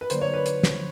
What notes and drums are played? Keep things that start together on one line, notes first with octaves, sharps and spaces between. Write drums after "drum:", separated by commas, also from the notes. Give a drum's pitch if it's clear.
B4
D3 F#3 A#3 D4 C5, drum: hi-hat
C#5
B4
drum: hi-hat
drum: snare